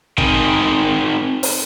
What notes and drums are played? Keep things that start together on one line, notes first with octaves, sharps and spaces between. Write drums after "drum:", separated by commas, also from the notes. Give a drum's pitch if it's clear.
C4 D#4 A#4 G5 G#5, drum: kick
drum: open hi-hat